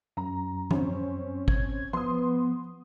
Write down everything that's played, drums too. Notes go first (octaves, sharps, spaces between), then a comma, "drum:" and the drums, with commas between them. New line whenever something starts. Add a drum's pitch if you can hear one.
F#2 A#5
C4 C#4, drum: tom F3
G#6, drum: kick
F3 B3 C6 D#6